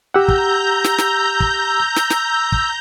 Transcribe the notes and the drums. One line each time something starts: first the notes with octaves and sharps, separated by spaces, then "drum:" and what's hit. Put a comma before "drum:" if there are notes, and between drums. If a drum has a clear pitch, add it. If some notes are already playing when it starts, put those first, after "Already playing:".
G4 F#5 A#5 E6 G6
drum: kick
drum: snare
drum: snare
drum: kick
drum: snare
drum: snare
drum: kick